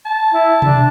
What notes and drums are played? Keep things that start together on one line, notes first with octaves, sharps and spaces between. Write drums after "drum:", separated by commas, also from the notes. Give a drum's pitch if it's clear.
A5
E4
D4, drum: tom B2